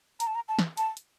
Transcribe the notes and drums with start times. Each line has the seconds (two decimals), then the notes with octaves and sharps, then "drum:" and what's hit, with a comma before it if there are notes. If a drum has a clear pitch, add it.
0.20 A#5, drum: hi-hat
0.27 A5
0.35 A#5
0.48 A5
0.59 drum: snare
0.77 A5, drum: hi-hat
0.97 drum: hi-hat